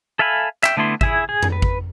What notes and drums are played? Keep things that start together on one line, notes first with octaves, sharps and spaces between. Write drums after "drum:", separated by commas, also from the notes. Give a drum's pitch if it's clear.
A4 E5 F5 G#5 B5
E5 G5, drum: clap
D3 A3 B3 E4 C6
E4 G#4 E5, drum: kick G#1
G#4
drum: tom F2
B4
drum: kick G#1